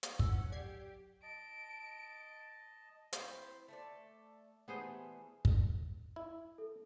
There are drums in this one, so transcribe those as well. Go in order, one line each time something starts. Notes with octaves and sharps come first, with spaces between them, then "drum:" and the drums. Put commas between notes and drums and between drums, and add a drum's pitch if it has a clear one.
drum: hi-hat
B1 F2 C#4 F#5 E6, drum: kick
G4 D5 G#6 C7
D#5 A5 D7
C4 E4 C5, drum: hi-hat
A3 A4 D5
E3 G3 A3 B3 G#4 C5
drum: kick
E4
A4